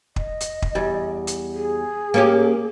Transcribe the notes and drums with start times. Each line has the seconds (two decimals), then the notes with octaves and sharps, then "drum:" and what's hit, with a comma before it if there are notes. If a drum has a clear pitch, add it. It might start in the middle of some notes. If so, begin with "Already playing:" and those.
0.16 D#5, drum: kick
0.41 drum: hi-hat
0.62 drum: kick
0.75 E2 G3
1.27 drum: hi-hat
1.55 G#4
2.14 A#3 C#4 G4